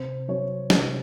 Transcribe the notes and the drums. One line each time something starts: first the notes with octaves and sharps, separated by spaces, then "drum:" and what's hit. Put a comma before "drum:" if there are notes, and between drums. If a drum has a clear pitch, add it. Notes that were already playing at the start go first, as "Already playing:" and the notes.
Already playing: C3 C5
F#3 C4 C#5
C3, drum: snare